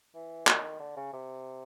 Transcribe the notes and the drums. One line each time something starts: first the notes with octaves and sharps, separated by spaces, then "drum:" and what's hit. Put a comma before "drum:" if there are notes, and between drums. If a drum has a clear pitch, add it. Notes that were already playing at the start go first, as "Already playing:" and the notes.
E3
D#3, drum: clap
D3
C#3
C3